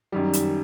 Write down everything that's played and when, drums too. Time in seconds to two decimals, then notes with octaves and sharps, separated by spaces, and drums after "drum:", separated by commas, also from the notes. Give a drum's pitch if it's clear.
0.12 F#2 D#3 G3
0.33 drum: hi-hat